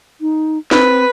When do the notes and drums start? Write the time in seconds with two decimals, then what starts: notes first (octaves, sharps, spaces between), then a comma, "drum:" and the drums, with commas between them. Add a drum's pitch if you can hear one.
0.21 D#4
0.71 C4 B4, drum: snare